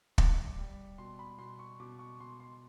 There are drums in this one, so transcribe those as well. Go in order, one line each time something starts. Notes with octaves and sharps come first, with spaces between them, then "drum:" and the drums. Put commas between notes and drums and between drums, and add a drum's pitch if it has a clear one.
G3 D6, drum: kick
G3
B2 C6
B5
B2 C6
C#6
B2 D6
C#6
B2 C6
C6